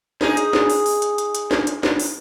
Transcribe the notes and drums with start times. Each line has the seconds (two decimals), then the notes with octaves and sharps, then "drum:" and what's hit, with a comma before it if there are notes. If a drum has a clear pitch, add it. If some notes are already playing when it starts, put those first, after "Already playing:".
0.21 D#4 G#4, drum: snare
0.37 drum: hi-hat
0.53 drum: snare
0.70 drum: open hi-hat
0.86 drum: open hi-hat
1.02 drum: hi-hat
1.18 drum: hi-hat
1.35 drum: hi-hat
1.51 drum: snare
1.67 drum: hi-hat
1.83 drum: snare
2.00 drum: open hi-hat